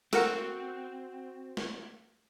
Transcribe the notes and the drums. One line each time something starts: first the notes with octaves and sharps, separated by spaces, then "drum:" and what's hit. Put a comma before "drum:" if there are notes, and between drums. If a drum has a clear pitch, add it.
C4 F#4 A4 A#4 F#5, drum: snare
drum: snare